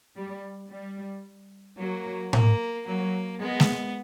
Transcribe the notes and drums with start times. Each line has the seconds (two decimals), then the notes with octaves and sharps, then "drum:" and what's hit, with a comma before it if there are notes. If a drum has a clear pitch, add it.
0.15 G3
0.70 G3
1.78 F#3 A#3
2.33 A#3, drum: tom A2
2.86 F#3 A#3
3.40 G#3 B3
3.60 drum: snare G#3